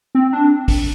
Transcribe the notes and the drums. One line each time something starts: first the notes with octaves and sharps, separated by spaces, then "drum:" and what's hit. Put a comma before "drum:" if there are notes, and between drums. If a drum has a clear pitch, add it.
C4
D4
drum: kick, open hi-hat